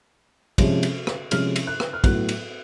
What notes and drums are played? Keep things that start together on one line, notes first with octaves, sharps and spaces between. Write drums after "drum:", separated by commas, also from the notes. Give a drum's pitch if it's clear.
C3 F3 G#3 C#4, drum: kick, cymbal
drum: cymbal
drum: rim click
C3 F3 G#3 C#4 F6, drum: cymbal
drum: cymbal
F#6
drum: rim click
F6
A2 F#3 B3 F#6, drum: kick, cymbal
drum: cymbal